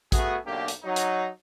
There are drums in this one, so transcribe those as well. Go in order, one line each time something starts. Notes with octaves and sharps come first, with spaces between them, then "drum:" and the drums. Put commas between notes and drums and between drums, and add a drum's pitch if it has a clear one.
A3 B3 F#4 G#4, drum: kick A1, hi-hat
B1 A#3 D4 G4
drum: hi-hat
F#3 D#4
drum: hi-hat